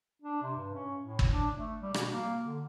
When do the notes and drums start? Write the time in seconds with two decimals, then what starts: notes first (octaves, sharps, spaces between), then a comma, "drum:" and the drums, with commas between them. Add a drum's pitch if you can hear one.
0.22 D4
0.42 C3
0.56 G2
0.74 C#4
1.03 A2
1.19 drum: kick
1.30 D4
1.58 A3
1.82 G3
1.94 B2, drum: rim click
2.13 A#3
2.46 D3